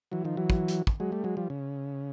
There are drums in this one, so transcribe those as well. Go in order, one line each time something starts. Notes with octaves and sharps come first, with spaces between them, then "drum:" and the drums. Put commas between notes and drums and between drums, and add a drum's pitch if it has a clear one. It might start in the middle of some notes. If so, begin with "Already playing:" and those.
E3 F#3
D#3 F3
E3 F#3
drum: kick
drum: hi-hat
drum: kick
F#3 G#3
G3 A3
F#3 G#3
F3 G3
C#3